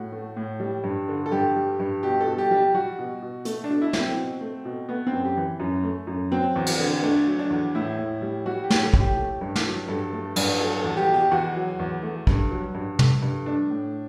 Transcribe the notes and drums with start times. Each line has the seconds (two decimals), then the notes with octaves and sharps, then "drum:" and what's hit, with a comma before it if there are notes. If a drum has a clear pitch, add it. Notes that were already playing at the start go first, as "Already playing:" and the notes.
Already playing: A2 F#4
0.12 A3
0.37 A2
0.60 G3
0.84 G2
1.08 D3
1.26 A4
1.32 G2 G4
1.56 G3
1.80 G2
2.02 B2 G4
2.21 A4
2.27 B2
2.38 G4
2.51 G3
2.57 G4
2.74 G3 F#4
2.99 B2
3.22 B2
3.45 A3, drum: hi-hat
3.64 D4
3.70 B2
3.82 E4
3.93 F#3, drum: snare
4.00 C4
4.17 B2
4.41 A3
4.65 B2
4.89 A3 B3
5.07 C4
5.13 F#2
5.25 G4
5.37 E3
5.60 F#2
5.83 A3
6.07 F#2
6.31 F#3 C4
6.56 E2
6.66 drum: cymbal
6.79 D3
7.02 A3 D4
7.27 F#3
7.39 D4
7.50 E2
7.75 A2 E4
7.99 A2
8.22 G3
8.46 G3 F#4
8.64 G4
8.70 A2, drum: snare
8.82 A4
8.94 A2, drum: kick
9.00 G4
9.17 A3
9.41 G2
9.56 drum: snare
9.65 F#3
9.88 G2 A4
10.13 A3
10.36 G2, drum: cymbal
10.61 F#3 A4
10.78 A4
10.84 E2
10.97 G4
11.08 B2
11.14 G4
11.31 E2 F#4
11.56 F#3
11.80 E2
12.03 A3
12.27 G2, drum: kick
12.51 F#3
12.75 G2
12.99 A3, drum: tom
13.22 G2
13.46 A3 D4
13.70 A2